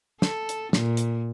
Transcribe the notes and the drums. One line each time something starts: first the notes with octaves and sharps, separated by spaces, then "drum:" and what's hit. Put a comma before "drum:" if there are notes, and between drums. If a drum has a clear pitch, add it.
A4, drum: snare
drum: hi-hat
A#2, drum: snare
drum: hi-hat